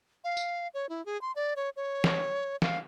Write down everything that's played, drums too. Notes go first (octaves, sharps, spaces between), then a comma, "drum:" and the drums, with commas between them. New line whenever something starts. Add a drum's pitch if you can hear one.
F5
drum: tambourine
C#5
E4
G#4
C6
D5
C#5
C#5
drum: snare
F5, drum: snare